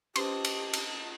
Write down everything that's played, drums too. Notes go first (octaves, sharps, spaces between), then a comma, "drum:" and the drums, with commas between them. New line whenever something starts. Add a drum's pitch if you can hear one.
C#4 G4 B4 C5 D#5 A5 C6 D#6, drum: cymbal
drum: cymbal
drum: cymbal